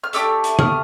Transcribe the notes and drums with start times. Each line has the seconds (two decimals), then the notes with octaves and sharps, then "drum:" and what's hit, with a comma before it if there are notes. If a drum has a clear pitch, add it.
0.04 F6
0.13 A3 D4 G4 D6 E6, drum: hi-hat
0.44 drum: hi-hat
0.59 D#6 F6, drum: tom